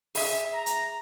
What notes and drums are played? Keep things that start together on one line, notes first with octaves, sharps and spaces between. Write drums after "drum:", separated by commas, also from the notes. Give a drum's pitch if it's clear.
G#4 E5, drum: open hi-hat
A#5
drum: hi-hat